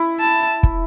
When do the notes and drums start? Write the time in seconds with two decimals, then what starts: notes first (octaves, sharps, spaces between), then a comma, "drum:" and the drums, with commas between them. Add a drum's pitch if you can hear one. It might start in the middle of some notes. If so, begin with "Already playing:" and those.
Already playing: E4
0.20 A5
0.63 drum: kick